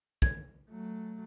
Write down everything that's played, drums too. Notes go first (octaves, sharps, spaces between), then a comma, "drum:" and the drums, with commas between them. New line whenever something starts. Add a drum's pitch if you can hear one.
G#6, drum: kick
F#3 A3